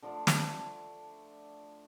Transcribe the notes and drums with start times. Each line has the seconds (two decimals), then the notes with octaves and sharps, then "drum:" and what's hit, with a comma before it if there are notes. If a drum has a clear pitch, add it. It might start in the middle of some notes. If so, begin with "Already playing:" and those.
0.03 D3 F3 A3 D4
0.27 drum: snare